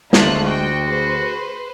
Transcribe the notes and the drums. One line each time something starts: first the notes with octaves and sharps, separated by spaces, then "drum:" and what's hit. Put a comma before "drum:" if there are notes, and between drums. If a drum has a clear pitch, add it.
D2 G#3 A3 F4 F#6, drum: snare
F#4 G5
G#4 B4 C5